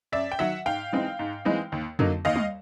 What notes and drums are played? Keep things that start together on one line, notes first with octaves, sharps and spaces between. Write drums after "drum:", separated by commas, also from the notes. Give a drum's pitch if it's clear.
F#2 D5 E5
G5
D#3 F#3 E5 F#5
G#2 F5 G5
E3 G#3 C4 D#4
G#2
E3 G#3 C4 D#4
D#2
D3 F#3 A#3 D#4, drum: tom F2
D#2 D#5 F5
drum: tom G3